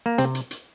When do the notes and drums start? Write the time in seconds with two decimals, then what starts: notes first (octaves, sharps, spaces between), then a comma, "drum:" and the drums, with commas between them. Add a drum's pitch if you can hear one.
0.06 A#3
0.18 C3 C4, drum: hi-hat
0.35 drum: hi-hat
0.51 drum: hi-hat